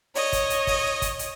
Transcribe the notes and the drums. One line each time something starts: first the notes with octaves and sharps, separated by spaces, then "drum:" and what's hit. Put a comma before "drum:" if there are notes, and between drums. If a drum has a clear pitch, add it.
C#5 D#5, drum: open hi-hat
drum: kick, hi-hat
drum: hi-hat
drum: kick, open hi-hat
drum: kick, hi-hat
drum: hi-hat